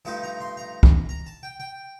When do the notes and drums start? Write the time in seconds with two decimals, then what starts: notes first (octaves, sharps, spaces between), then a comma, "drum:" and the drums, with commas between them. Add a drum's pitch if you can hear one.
0.05 G2 F3 A3 D#4 A5
0.23 A#5
0.40 C6
0.57 A#5
0.83 drum: kick
1.09 A#5
1.27 A5
1.43 G5
1.60 G5